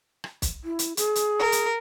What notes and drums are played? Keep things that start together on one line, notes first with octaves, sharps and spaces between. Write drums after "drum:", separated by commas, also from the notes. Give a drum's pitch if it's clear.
drum: rim click
drum: kick B1, hi-hat
E4
drum: hi-hat
G#4, drum: hi-hat
drum: hi-hat
A#4
drum: hi-hat